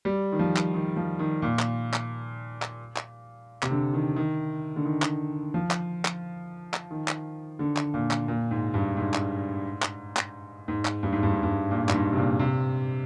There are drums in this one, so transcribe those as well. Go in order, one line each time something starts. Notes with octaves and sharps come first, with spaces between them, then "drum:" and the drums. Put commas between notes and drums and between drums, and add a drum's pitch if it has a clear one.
G3
D#3
F3
drum: clap
D#3
F3
D#3
A#2
drum: clap
drum: clap
drum: clap
drum: clap
C3, drum: clap
D3
D#3
D#3
D3
D#3
drum: clap
F3
drum: clap
drum: clap
drum: clap
D#3
drum: clap
D3
drum: clap
A#2
drum: clap
A#2
G#2
G2
G#2
drum: clap
drum: clap
drum: clap
G#2
drum: clap
G2
G#2
G2
G#2
G2
A#2
G2, drum: clap
G#2
C3
A#2
C3